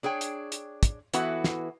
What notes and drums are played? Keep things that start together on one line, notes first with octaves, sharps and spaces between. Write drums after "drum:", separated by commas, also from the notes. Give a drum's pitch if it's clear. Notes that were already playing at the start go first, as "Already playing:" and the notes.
D4 G#4 C#5 G5
drum: hi-hat
drum: hi-hat
drum: kick, hi-hat
E3 B3 E4 F#4 A4 B4, drum: hi-hat
drum: snare